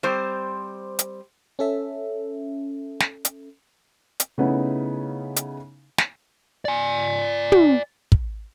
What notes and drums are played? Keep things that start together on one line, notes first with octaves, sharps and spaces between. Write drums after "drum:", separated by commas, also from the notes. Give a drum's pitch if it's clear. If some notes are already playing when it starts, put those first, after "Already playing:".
G3 C4 C5
drum: hi-hat
C#4 A4 E5
drum: snare
drum: hi-hat
drum: hi-hat
C#3 A3 B3 C#4 D#4 E4
drum: hi-hat
drum: snare
D5 G#5
drum: tom
drum: kick